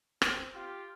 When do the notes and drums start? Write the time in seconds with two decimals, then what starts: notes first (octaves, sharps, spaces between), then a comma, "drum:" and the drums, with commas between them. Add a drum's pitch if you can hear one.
0.22 C4, drum: rim click
0.55 F4 G4